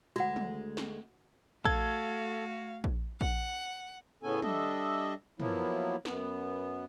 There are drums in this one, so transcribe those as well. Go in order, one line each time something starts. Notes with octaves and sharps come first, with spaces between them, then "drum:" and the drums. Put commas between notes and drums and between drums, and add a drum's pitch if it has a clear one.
D2 G#3 F#4 F#5
drum: tom
drum: snare
A3 F#4 A4 F5 G#6, drum: kick A#1
drum: kick A#1
F#5, drum: kick A#1
A2 C#3 B3 C#4 A4 G#5
G3 D4 A4 D#5 E5, drum: tom
F3 F#3 A#3 B3 E4, drum: tom
F#2 B3, drum: snare